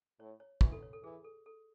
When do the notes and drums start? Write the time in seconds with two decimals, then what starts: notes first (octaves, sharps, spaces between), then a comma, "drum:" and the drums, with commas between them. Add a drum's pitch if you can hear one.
0.19 A2 C#5
0.40 C#5
0.61 E3 B4, drum: kick
0.72 A4
0.82 C#5
0.93 A4
1.03 E3 G#4
1.24 A4
1.46 A4